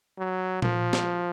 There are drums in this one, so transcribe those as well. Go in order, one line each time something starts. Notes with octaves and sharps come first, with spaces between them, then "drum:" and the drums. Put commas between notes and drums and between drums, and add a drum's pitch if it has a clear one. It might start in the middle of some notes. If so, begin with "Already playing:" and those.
F#3
F3, drum: tom A#2
drum: snare